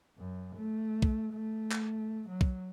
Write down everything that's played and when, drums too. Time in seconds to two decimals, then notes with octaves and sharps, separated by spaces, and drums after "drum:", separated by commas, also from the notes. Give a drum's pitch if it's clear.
0.18 F#2
0.56 A3
1.02 drum: kick
1.33 A3
1.72 drum: clap
2.29 F#3
2.41 drum: kick